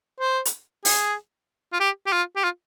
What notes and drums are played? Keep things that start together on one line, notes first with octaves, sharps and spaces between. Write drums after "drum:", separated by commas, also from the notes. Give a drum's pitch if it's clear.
C5
drum: hi-hat
G#4, drum: open hi-hat
F4
G4
G4
F4
G4
F4